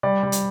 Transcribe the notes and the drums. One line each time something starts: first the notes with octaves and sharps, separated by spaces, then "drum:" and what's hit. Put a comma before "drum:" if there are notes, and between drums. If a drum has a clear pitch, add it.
G3 D5
G3
drum: hi-hat